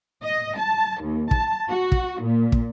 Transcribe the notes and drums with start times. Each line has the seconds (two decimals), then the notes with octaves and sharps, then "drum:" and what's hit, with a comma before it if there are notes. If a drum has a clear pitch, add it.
0.23 D#5
0.57 A5
1.01 D#2
1.31 A5, drum: kick
1.69 F#4
1.92 drum: kick
2.21 A#2
2.52 drum: kick